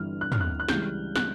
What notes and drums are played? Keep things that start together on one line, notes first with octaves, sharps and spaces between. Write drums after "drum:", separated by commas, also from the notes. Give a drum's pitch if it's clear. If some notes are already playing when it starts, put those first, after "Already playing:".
Already playing: G1 G2 E3 G3 F6
F#6
F6, drum: tom
F#6
F#6
C#2 C#3 E3 G3 G6, drum: snare
F#6, drum: snare